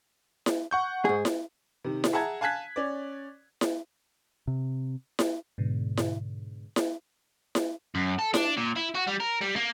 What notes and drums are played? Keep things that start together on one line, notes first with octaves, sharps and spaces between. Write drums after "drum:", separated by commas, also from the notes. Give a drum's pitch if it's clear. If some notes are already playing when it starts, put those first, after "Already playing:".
drum: snare E4
F#5 C#6 G6
G#2 G#4
drum: snare E4
C3 D#3
drum: snare E4
G#4 E5 F#5 A5 A#5 G#6
F5 G#5 A5 F#6 G#6 B6
C#4 D5
drum: snare E4
C3
drum: snare E4
G#2 B2 D3
drum: snare E4
drum: snare E4
drum: snare E4
F#2
A4
D4, drum: snare E4
A#2
E4
F#4
G3
A#4
G3
A#3